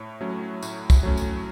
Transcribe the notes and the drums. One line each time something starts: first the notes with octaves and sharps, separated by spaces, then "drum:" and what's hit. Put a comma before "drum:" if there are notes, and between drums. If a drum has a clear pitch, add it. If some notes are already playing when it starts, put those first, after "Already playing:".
Already playing: A2 C#5
F#3 A3 C#4
A2, drum: tambourine
drum: kick, tambourine
F#3 A3 C#4
drum: tambourine